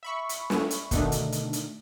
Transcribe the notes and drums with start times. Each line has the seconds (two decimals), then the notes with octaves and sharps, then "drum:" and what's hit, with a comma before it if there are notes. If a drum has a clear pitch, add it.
0.03 E5 B5 C#6
0.29 drum: hi-hat
0.50 drum: snare
0.71 drum: hi-hat
0.91 B2 D3 D#3 A3 D4 D#4, drum: kick, hi-hat
1.12 drum: hi-hat
1.32 drum: hi-hat
1.53 drum: hi-hat